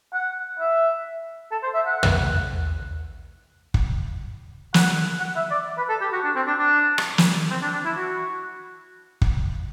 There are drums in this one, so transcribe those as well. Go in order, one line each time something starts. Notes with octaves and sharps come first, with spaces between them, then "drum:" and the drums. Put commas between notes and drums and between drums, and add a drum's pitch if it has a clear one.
F#5
E5
A4
C5
E5
F#5
drum: tom
drum: kick
F#5, drum: snare
F#5
E5
D5
B4
A4
G4
F#4
D4
C4
D4
D4
drum: rim click
drum: snare
C4
D4
D4
E4
F#4
drum: kick